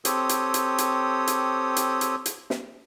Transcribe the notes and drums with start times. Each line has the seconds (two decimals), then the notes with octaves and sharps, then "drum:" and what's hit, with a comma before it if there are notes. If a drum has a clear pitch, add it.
0.05 C4 G4 A4 C#5 D#6, drum: hi-hat
0.29 drum: hi-hat
0.54 drum: hi-hat
0.78 drum: hi-hat
1.27 drum: hi-hat
1.77 drum: hi-hat
2.01 drum: hi-hat
2.26 drum: hi-hat
2.50 drum: snare